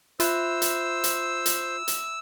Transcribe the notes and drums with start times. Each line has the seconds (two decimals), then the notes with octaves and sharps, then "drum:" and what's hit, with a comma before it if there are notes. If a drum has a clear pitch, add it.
0.20 F4 C5 E5 B5 E6 F#6, drum: hi-hat
0.62 drum: hi-hat
1.04 drum: hi-hat
1.46 drum: hi-hat
1.88 drum: hi-hat